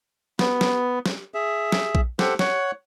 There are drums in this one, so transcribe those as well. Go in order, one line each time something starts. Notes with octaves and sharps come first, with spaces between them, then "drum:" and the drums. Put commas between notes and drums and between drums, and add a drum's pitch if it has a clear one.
B3, drum: snare
drum: snare
drum: snare
G#4 E5
drum: snare
drum: kick A#1
G4 A4 C5 F#5, drum: snare
C#5 F#5, drum: snare